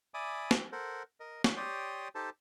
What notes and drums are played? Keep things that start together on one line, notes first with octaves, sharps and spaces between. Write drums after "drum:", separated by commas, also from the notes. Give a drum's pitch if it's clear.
D5 E5 G#5 B5 D6 D#6
drum: snare
A4 A#4 C5 F#5
A#4 D#5
C#5, drum: snare
G4 C#5 D5 G5 C6 D#6
D#4 G4 A4 C5 A5